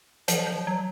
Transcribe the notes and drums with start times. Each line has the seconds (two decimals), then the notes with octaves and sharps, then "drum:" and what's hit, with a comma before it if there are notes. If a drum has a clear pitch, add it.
0.28 F3, drum: hi-hat
0.47 F3
0.67 F#3